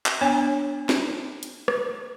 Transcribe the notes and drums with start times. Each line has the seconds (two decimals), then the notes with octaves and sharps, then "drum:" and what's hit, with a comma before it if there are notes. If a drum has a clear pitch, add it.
0.06 drum: clap
0.21 B3 D4 C#5 G#5
0.89 drum: snare
1.43 drum: hi-hat
1.68 drum: rim click